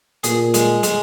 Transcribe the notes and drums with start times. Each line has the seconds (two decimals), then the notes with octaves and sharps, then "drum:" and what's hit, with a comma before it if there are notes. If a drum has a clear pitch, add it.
0.24 A#2 G#4, drum: hi-hat
0.54 G#3, drum: hi-hat
0.83 G#3, drum: hi-hat